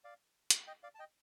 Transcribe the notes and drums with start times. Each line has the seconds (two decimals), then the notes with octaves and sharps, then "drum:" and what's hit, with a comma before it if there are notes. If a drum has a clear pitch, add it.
0.04 D5 F5
0.50 drum: hi-hat
0.67 D#5 G5
0.83 D5 F5
0.95 A5
0.99 D#5 G5